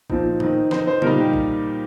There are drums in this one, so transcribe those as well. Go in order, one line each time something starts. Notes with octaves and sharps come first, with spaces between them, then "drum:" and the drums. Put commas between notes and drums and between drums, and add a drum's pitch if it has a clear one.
A#2 F3 C4 D#4, drum: kick A1
D#3 C4 D#4, drum: tom A2
D#3 C4 D#4 C5, drum: snare
C5
A#2 G3 A#3 D#4 A#4, drum: tom C#3
G4
drum: kick A1